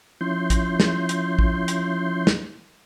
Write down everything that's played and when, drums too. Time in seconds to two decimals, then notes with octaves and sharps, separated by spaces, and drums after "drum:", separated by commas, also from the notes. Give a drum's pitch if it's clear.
0.21 F3 C#4 E4 C6 G6
0.50 drum: kick, hi-hat
0.80 drum: snare
1.09 drum: hi-hat
1.39 drum: kick
1.68 drum: hi-hat
2.27 drum: snare